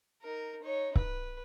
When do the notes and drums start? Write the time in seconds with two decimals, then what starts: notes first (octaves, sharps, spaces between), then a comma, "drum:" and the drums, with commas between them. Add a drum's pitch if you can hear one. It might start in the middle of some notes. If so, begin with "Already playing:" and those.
0.22 D#4 A#4
0.62 D#4 C#5
0.95 B4, drum: kick C#1